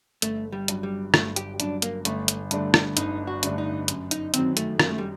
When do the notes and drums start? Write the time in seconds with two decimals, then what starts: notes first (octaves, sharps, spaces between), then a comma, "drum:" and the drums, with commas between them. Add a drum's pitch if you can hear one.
0.22 G1 A3, drum: hi-hat
0.52 G3
0.68 G2 F#3, drum: hi-hat
0.83 G3
1.14 G1 A3, drum: rim click
1.36 G4, drum: hi-hat
1.60 G2 F#3 D4, drum: hi-hat
1.82 A#3, drum: hi-hat
2.05 G1 A3, drum: hi-hat
2.28 drum: hi-hat
2.51 G2 D3 A3 D4, drum: hi-hat
2.74 drum: rim click
2.97 G1 D#4, drum: hi-hat
3.27 F#4
3.43 G2 D3 A3 D4, drum: hi-hat
3.58 D#4
3.88 F#2, drum: hi-hat
4.11 D#4, drum: hi-hat
4.34 D#3 F#3 C4, drum: hi-hat
4.57 A3, drum: hi-hat
4.80 F#2 A#3, drum: rim click
4.89 A3
4.98 G3